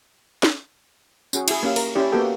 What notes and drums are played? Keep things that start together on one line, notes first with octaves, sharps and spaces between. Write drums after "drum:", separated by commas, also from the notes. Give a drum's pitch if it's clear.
drum: snare
C#4 F#4 G#4, drum: tambourine
E4 G#4, drum: cymbal
A#3 C#4 G4 F5
A#4, drum: open hi-hat
C#4 E4 G4 D5
A#3 B3 F#4 G4 A4 G5